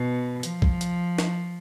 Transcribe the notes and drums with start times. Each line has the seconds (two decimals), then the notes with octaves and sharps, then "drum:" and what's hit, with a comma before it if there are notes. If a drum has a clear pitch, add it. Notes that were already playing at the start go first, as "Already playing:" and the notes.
Already playing: B2
0.43 F3, drum: hi-hat
0.62 drum: kick B1
0.81 drum: hi-hat
1.18 drum: snare